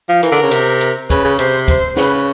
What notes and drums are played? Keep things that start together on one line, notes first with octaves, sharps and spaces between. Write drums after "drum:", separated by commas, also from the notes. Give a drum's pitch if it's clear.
F3
E3 A#4, drum: hi-hat
D3
C#3
C3, drum: hi-hat
drum: hi-hat
C#3 B4, drum: kick, hi-hat
C#3
C3 C5, drum: hi-hat
C5, drum: kick, hi-hat
C#3 B4, drum: snare